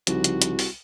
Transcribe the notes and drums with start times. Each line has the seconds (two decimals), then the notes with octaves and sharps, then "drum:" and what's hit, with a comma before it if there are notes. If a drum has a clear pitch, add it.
0.07 C2 C#3 F3 D#4 F#4, drum: hi-hat
0.24 drum: hi-hat
0.42 drum: hi-hat
0.59 drum: open hi-hat